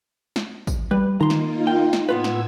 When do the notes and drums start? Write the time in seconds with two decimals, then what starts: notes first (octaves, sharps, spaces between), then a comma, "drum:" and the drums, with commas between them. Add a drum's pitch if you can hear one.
0.36 drum: snare
0.67 drum: kick, tambourine
0.91 G3 B4
1.21 D#3 A#3 D#4 F4 A#5 C6
1.30 drum: snare
1.67 G5
1.93 drum: snare
2.09 A2 B3 F4 B4 E6 G#6
2.24 drum: snare